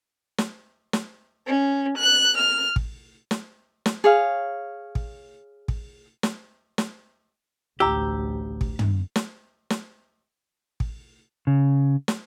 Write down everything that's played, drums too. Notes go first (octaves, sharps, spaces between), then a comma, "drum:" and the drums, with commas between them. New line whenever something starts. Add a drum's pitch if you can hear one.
drum: snare
drum: snare
C#4
F#6
F6
drum: kick
drum: snare
drum: snare
G#4 C#5 F5
drum: kick
drum: kick
drum: snare
drum: snare
A1 D2 G4 A#5 E6
drum: kick
drum: tom
drum: snare
drum: snare
drum: kick
C#3
drum: snare